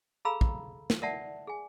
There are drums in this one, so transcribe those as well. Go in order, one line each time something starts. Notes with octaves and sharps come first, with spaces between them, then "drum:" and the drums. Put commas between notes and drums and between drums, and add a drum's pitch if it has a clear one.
G#4 A4 F5 A#5 B5 E6
drum: kick
drum: snare
A#4 D5 E5 F#5 A5
G#4 G#5